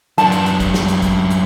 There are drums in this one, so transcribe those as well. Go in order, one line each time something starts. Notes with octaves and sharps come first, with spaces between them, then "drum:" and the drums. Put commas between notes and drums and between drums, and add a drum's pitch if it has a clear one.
F#2 D4 A5, drum: hi-hat
drum: hi-hat
drum: hi-hat
drum: kick, hi-hat
drum: snare
drum: hi-hat
drum: kick, hi-hat
drum: hi-hat